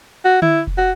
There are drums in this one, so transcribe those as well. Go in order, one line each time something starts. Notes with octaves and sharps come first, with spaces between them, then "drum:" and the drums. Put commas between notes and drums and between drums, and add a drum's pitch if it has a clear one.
F#4
E4, drum: tom D3
drum: kick F1
F#4